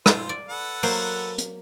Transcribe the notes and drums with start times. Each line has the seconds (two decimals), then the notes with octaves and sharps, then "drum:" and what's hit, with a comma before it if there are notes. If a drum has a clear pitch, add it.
0.06 F4 C5, drum: rim click
0.29 D5
0.49 A4 B4 F#5
0.83 F#3 A#3 C5, drum: open hi-hat
1.38 drum: hi-hat